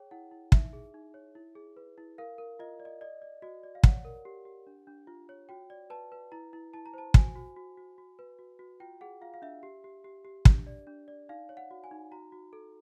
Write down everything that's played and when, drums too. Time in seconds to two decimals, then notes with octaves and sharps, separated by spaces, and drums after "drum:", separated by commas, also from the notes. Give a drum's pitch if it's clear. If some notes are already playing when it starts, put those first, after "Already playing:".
Already playing: G#4 C#5 G5
0.11 E4 F#5
0.31 E4
0.52 D#4 E5, drum: kick
0.73 G#4
0.94 D#4
1.14 C#5
1.35 E4
1.55 G#4
1.77 B4
1.98 E4
2.18 A#4 F5
2.38 A#4
2.59 F4 D#5
2.80 D5
2.85 D#5
3.01 D5 D#5
3.22 D5
3.42 F#4 D#5
3.63 D5
3.75 F5
3.84 C#5 F#5, drum: kick
4.05 A#4
4.25 G4
4.45 G4
4.67 D4
4.87 D4
5.07 F4
5.29 C#5
5.49 F#4 G5
5.70 D5
5.90 B4 A5
6.12 B4
6.32 E4 A#5
6.53 E4
6.74 E4 A5
6.86 A#5
6.94 C5 A5
7.14 F#4 G#5, drum: kick
7.35 F#4
7.56 F#4
7.78 F#4
7.98 F#4
8.19 B4
8.39 F#4
8.59 F#4
8.80 F4 G5
9.01 G#4 F#5
9.21 F4 F5
9.34 F5
9.42 D4 E5
9.63 G4
9.84 G4
10.05 G4
10.25 G4
10.45 D4, drum: kick
10.67 D5
10.87 D4
11.08 D5
11.29 D#4 F5
11.49 C#5
11.57 F#5
11.71 F#4
11.84 G#5
11.91 D#4
12.11 F#4 A#5
12.32 F#4
12.53 A4